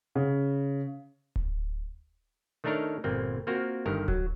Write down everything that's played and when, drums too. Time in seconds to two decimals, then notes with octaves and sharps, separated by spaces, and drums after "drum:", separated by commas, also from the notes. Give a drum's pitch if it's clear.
0.15 C#3
1.36 drum: kick D1
2.64 D#3 A3 D4 D#4 A#4 C#5
3.04 G1 A#2 A#3 C4
3.47 A#3 C4 F4 F#4 A#4
3.86 G1 G2 D#3 A#4
4.08 F#3, drum: kick D1